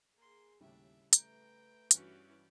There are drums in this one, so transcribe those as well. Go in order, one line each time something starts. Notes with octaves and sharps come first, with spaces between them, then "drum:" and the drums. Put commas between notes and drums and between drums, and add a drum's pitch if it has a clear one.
A#3 G#4 C6
D#2 A2 C#3 G3 D4 E5
A3 B4 G5 A#5, drum: hi-hat
G2 E3 C#4 F#4 G4 D5, drum: hi-hat